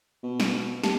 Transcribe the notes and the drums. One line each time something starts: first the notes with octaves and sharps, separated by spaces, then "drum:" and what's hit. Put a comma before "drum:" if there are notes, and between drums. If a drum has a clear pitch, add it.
B2
drum: snare
A#3 G4 A5, drum: snare